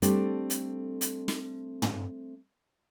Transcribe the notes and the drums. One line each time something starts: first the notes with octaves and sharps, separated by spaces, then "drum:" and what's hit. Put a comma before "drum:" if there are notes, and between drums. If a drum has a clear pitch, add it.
G3 A3 C4 D4 A4 D5, drum: hi-hat
drum: hi-hat
drum: hi-hat
drum: snare
drum: tom